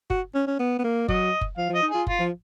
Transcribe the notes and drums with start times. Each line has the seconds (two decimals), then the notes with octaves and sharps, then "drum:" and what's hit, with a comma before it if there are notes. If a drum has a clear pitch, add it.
0.10 F#4, drum: kick F#1
0.35 C#4
0.47 C#4
0.59 B3
0.79 B3
0.84 A#3
1.08 F#3 D#5, drum: kick F#1
1.41 drum: kick F#1
1.58 F3 F5
1.70 F3 D#5
1.82 D#4
1.90 F4 G#4
2.07 F4, drum: kick F#1
2.20 F3